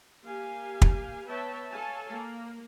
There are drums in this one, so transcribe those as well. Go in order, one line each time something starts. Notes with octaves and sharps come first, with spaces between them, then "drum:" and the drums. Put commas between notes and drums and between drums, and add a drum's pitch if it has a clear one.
A#3 G4 F5 G#5
drum: kick
B3 B4 C#5 E5 G5 A5
A4 C#5 F5 G#5 A5
A#3